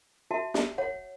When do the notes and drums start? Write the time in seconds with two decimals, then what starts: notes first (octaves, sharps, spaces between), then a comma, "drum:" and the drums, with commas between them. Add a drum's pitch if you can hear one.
0.31 F#4 E5 A5
0.54 drum: snare
0.78 C#5 F#5